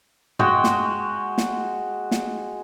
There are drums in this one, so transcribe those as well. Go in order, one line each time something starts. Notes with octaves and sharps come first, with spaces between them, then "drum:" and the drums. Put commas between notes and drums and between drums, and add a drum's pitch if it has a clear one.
G#3 F#4 G5, drum: tom
drum: snare
drum: snare
drum: snare